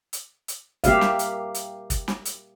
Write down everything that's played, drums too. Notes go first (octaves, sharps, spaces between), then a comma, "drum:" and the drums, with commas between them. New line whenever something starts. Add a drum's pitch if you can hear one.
drum: hi-hat
drum: hi-hat
A#3 G4 E5 F5, drum: kick, hi-hat
drum: snare
drum: hi-hat
drum: hi-hat
drum: kick, hi-hat
drum: snare
drum: hi-hat